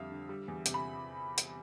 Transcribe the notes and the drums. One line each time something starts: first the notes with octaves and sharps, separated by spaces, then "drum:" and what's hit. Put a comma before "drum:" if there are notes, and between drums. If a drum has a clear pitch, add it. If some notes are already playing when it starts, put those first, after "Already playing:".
Already playing: F2 D3 G3 E5 F5
D3
G3
E2
C3, drum: hi-hat
B5
drum: hi-hat